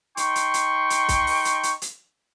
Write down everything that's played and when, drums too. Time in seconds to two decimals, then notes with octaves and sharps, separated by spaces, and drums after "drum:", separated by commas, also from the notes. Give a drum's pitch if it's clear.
0.17 D#4 G5 C6 C#6, drum: hi-hat
0.35 drum: hi-hat
0.54 drum: hi-hat
0.90 drum: hi-hat
1.09 drum: kick C2, hi-hat
1.27 drum: open hi-hat
1.45 drum: hi-hat
1.63 drum: hi-hat
1.82 drum: hi-hat